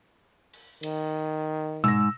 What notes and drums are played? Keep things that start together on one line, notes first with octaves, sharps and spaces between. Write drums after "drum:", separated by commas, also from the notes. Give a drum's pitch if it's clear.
drum: open hi-hat
D#3, drum: cymbal
G#2 E6 A#6, drum: tom B2